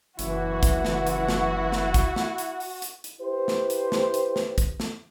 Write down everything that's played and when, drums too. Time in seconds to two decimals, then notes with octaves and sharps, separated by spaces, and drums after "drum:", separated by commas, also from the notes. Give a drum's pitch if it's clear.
0.19 F#1 E3 E4 F#4, drum: hi-hat
0.63 drum: kick, hi-hat
0.85 drum: snare
1.07 drum: hi-hat
1.29 drum: snare
1.72 drum: snare
1.94 drum: kick, hi-hat
2.16 drum: snare
2.38 drum: hi-hat
2.60 drum: open hi-hat
2.82 drum: hi-hat
3.04 drum: hi-hat
3.20 E4 G4 B4 C5
3.48 drum: snare
3.70 drum: hi-hat
3.92 drum: snare
4.14 drum: hi-hat
4.36 drum: snare
4.58 drum: kick, hi-hat
4.80 drum: snare